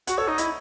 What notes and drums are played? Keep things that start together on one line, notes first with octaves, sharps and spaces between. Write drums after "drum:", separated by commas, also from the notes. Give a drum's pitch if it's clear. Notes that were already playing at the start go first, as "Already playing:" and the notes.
F#4 F#5, drum: hi-hat
A4 C#5
D#4 D#5
E4 D#5, drum: hi-hat